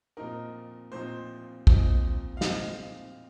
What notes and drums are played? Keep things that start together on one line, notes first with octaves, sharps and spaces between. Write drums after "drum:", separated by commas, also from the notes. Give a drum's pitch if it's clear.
A#2 F3 C4 D#4 A#4
A#2 F3 C4 D#4 C5
A#2 F3 C4 D#4, drum: kick
F5
A#2 F3 C4 D#4 D#5, drum: snare